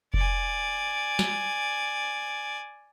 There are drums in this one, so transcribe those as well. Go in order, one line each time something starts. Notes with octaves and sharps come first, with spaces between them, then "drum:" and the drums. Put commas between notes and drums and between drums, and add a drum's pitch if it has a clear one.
D5 G#5, drum: kick F1
drum: snare